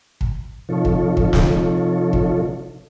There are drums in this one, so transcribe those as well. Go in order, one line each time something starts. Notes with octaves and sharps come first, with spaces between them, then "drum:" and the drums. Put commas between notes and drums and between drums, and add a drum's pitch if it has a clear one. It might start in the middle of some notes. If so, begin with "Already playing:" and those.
drum: kick
C3 F3 D#4 F4 A4 C#5
drum: kick
drum: kick
drum: snare
drum: kick